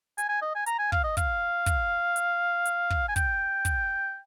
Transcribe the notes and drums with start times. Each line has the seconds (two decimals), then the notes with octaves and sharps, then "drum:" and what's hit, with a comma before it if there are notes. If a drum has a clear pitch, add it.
0.18 G#5, drum: hi-hat
0.29 G#5
0.42 D#5
0.55 G#5
0.66 A#5, drum: hi-hat
0.79 G#5
0.92 F5, drum: kick
1.04 D#5
1.17 F5, drum: kick, hi-hat
1.66 drum: kick, hi-hat
2.16 drum: hi-hat
2.66 drum: hi-hat
2.90 drum: kick
3.09 G#5
3.16 G5, drum: kick, hi-hat
3.65 drum: kick, hi-hat